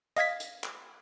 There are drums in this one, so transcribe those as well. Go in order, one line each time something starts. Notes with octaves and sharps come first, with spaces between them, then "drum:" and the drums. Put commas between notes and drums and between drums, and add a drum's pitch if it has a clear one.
D#5 F5 G#6 B6, drum: hi-hat
drum: hi-hat
drum: clap